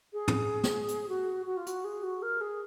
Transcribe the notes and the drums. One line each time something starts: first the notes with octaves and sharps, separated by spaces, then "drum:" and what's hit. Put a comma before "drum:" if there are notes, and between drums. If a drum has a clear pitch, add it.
G#4
drum: tom
drum: snare
drum: hi-hat
F#4
F#4
F4
F#4, drum: hi-hat
G#4
F#4
A#4
G#4